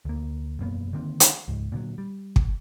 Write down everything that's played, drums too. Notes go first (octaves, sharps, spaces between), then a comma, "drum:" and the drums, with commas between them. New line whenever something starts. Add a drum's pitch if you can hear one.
D2 A#3
E1 F#2 A#3 B3
D3 D#3 A#3 C4
drum: hi-hat
C#2 G#2
A#2 D3 D#3 F#3
G3
drum: kick